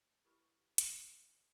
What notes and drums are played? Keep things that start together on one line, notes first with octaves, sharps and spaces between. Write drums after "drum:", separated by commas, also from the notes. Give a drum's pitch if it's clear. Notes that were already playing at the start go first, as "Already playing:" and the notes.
E4 G4 A#4 B4 B5 C#6
drum: hi-hat